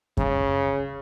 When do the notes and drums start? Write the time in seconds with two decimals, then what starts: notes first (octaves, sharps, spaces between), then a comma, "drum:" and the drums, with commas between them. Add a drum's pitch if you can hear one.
0.17 C#3, drum: kick F#2